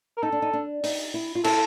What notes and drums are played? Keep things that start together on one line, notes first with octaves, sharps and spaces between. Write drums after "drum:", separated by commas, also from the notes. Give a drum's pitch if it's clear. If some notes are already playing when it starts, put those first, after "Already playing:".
A#4
D#4 A4
D4
D#4
D4
D#4, drum: open hi-hat
E4
F4
E4 A4, drum: cymbal